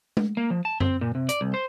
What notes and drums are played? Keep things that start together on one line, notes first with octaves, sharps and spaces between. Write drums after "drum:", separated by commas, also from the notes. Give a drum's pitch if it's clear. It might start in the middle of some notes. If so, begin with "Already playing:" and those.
drum: tom
A#3
F3
A5
C4, drum: tom F#2
A#2
C3
D5, drum: hi-hat
C2
C5